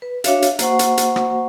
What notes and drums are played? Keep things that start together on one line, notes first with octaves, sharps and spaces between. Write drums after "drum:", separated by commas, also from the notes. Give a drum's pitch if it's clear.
B4
D4 F#4 C#5 E5 F5, drum: hi-hat
drum: hi-hat
A#3 F#4 C5 F#5 C#6, drum: hi-hat
drum: hi-hat
drum: hi-hat
drum: rim click